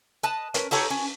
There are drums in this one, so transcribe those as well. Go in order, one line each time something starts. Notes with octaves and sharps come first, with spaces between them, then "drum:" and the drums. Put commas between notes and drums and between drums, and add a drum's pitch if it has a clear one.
B4 D#5 A5
C#4 A#4 B4, drum: hi-hat
D#4 G4 A4 C#5, drum: open hi-hat
C#4